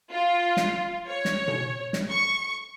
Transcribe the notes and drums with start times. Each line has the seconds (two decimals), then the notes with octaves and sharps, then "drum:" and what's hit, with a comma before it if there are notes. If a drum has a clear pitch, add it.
0.11 F4
0.57 drum: snare
1.07 C#5
1.25 drum: snare
1.48 drum: tom B2
1.93 drum: snare
2.09 C#6